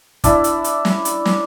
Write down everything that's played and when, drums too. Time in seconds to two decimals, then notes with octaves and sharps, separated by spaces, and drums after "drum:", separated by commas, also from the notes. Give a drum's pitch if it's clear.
0.24 D4 E4, drum: kick, hi-hat
0.44 drum: hi-hat
0.64 drum: hi-hat
0.85 drum: snare
1.05 drum: hi-hat
1.25 drum: snare